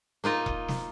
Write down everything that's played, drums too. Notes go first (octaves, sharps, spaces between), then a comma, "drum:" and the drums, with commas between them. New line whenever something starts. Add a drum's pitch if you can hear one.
A#3 D#4 F4 D#5
drum: kick E1
drum: snare